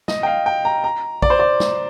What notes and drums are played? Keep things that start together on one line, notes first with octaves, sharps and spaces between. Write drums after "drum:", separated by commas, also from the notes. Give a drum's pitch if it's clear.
D#5, drum: snare
G5
F5
G5
A#5
A#5
D5, drum: kick A#1
C5
D5
drum: snare